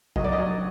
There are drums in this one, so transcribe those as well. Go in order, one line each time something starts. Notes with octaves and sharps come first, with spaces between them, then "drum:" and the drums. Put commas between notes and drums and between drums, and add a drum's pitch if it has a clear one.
F#3 D#5, drum: kick
D5
D#5
F#3